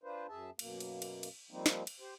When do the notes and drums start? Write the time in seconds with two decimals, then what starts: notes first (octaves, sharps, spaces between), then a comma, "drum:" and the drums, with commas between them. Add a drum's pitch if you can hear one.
0.03 D4 F4 B4 C5
0.29 F#2 G#4 E5 A5
0.59 F#2 B2 A#3, drum: cymbal
0.80 drum: cymbal
1.02 drum: cymbal
1.23 drum: cymbal
1.51 F3 G3 A#3 C4 D#4
1.66 drum: snare
1.87 drum: cymbal
2.00 G4 C5